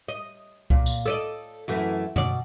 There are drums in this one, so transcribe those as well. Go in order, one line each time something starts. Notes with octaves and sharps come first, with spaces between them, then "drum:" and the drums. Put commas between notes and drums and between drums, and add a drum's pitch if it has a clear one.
D#5
A#2, drum: kick C2
drum: tambourine
A4 D5 D#5
F#2 E3 A3
B2 D5, drum: tom F#2